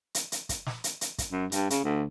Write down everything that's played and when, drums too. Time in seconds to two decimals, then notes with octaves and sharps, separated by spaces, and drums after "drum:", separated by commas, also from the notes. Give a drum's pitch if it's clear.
0.15 drum: hi-hat
0.32 drum: hi-hat
0.49 drum: kick, hi-hat
0.66 drum: snare
0.84 drum: hi-hat
1.01 drum: hi-hat
1.18 drum: kick, hi-hat
1.32 F#2
1.52 G2, drum: hi-hat
1.70 C#3, drum: hi-hat
1.84 D2